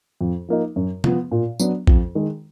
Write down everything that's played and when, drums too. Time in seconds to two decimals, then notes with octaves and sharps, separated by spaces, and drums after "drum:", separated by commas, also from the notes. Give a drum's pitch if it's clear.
0.21 F2
0.48 F3 A#3 D#4
0.76 F#2
1.04 F3 B3, drum: tom C3
1.32 A#2
1.59 F#3 B3 D4, drum: tambourine
1.87 F2, drum: kick A#1
2.15 D#3 G#3